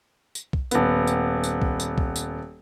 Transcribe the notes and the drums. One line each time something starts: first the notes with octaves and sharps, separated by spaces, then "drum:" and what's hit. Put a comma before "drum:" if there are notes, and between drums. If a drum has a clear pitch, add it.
drum: tambourine
drum: kick
D#1 B3, drum: tambourine
drum: tambourine
drum: tambourine
drum: kick
drum: tambourine
drum: kick
drum: tambourine